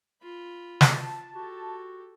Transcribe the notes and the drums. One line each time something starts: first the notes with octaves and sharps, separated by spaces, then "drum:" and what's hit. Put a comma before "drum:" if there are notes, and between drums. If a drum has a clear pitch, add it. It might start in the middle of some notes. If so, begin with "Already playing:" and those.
F4 B5
drum: snare
A5
F#4 G4 A4